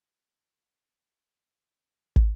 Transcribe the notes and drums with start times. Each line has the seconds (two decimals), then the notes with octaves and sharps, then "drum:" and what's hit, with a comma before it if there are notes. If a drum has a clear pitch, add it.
0.05 F#5 G#5
0.68 C#6
0.97 C6 G#6
1.81 G#1 D#3 C4 C5
2.16 drum: kick